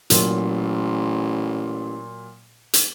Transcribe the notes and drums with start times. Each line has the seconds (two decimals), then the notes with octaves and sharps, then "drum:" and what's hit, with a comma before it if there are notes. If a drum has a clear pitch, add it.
0.10 A1 A#2 F#3, drum: hi-hat
2.73 drum: hi-hat